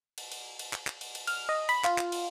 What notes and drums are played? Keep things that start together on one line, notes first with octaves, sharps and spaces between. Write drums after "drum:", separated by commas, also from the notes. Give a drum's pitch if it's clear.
drum: cymbal
drum: cymbal
drum: cymbal
drum: clap
drum: clap
drum: cymbal
drum: cymbal
F6, drum: cymbal
D#5
B5, drum: cymbal
F4, drum: clap
drum: clap
drum: cymbal